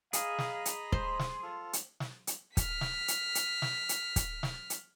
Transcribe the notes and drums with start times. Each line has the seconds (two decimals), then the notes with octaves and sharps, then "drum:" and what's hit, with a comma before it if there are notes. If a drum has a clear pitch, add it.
0.13 G#4 D#5 F5 A#5 B5, drum: hi-hat
0.39 drum: snare
0.65 drum: hi-hat
0.92 C5 C6, drum: kick
1.19 drum: snare
1.43 F4 A4
1.73 drum: hi-hat
2.00 drum: snare
2.27 drum: hi-hat
2.57 F6 B6, drum: kick, hi-hat
2.81 drum: snare
3.08 drum: hi-hat
3.35 drum: hi-hat
3.62 drum: snare
3.89 drum: hi-hat
4.16 drum: kick, hi-hat
4.43 drum: snare
4.70 drum: hi-hat